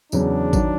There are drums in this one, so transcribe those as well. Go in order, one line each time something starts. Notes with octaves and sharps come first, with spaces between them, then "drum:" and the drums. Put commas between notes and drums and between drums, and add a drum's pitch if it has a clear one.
E2 C#3 F#3 D4, drum: tambourine
D#3 F#3, drum: kick A1, tambourine